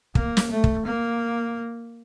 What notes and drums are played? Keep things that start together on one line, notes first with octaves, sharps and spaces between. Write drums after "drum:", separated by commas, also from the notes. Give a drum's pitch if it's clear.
A#3, drum: kick
drum: snare
A3
drum: kick
A#3